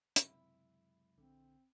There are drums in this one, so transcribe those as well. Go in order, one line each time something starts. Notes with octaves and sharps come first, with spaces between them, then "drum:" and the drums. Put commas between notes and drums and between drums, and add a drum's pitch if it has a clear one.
C#2 F#2 C3 E4, drum: hi-hat
A#1 D3 C4